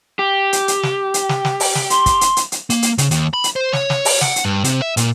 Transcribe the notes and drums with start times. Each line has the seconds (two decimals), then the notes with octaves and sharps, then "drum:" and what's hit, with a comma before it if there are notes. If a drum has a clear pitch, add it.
0.19 G4
0.53 drum: hi-hat
0.68 drum: hi-hat
0.83 drum: snare
1.14 drum: hi-hat
1.29 drum: snare
1.45 drum: snare
1.60 drum: open hi-hat
1.75 drum: snare
1.90 C6, drum: hi-hat
2.06 drum: kick, hi-hat
2.21 drum: hi-hat
2.37 drum: hi-hat
2.52 drum: hi-hat
2.70 A#3, drum: hi-hat
2.83 drum: hi-hat
2.98 C#3, drum: hi-hat
3.11 D#2, drum: hi-hat
3.33 B5
3.44 drum: hi-hat
3.56 C5
3.73 C#5, drum: snare
3.90 drum: snare
4.05 drum: open hi-hat
4.21 F#5, drum: snare
4.36 drum: hi-hat
4.45 G2
4.64 C3, drum: hi-hat
4.82 E5
4.97 A#2, drum: hi-hat